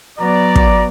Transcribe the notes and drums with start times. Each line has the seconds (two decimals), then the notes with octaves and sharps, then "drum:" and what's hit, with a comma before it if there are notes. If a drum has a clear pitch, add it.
0.19 F#3 B3 D5 A#5
0.56 drum: kick